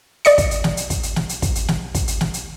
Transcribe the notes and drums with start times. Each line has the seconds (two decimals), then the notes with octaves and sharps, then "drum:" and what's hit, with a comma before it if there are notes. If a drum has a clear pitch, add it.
0.25 D5 D#5 C#7, drum: hi-hat
0.38 drum: kick, hi-hat
0.51 drum: hi-hat
0.64 drum: snare
0.77 drum: hi-hat
0.90 drum: kick, hi-hat
1.03 drum: hi-hat
1.16 drum: snare
1.29 drum: hi-hat
1.42 drum: kick, hi-hat
1.55 drum: hi-hat
1.68 drum: snare
1.95 drum: kick, hi-hat
2.08 drum: hi-hat
2.21 drum: snare
2.34 drum: hi-hat